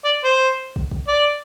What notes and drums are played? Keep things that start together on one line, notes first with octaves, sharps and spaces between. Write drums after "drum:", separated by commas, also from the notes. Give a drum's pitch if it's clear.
D5
C5
drum: kick
drum: kick
D5